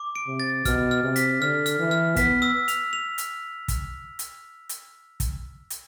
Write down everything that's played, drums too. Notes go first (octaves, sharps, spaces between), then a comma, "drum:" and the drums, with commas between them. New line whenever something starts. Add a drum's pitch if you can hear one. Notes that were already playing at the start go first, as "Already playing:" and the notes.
Already playing: D6
D7
C3
A6
B2 F6, drum: kick, hi-hat
F6
C3
B6, drum: hi-hat
D3 F6
F6, drum: hi-hat
E3
F6
B3 B6, drum: kick, hi-hat
E6
F7, drum: hi-hat
F7
drum: hi-hat
drum: kick, hi-hat
drum: hi-hat
drum: hi-hat
drum: kick, hi-hat
drum: hi-hat